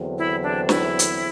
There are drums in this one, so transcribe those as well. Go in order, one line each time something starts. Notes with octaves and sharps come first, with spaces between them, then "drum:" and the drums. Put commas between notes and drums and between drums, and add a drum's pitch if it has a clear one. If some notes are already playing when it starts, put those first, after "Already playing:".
Already playing: E2 D3 F#3 C4
E4
D4
E4, drum: snare
drum: hi-hat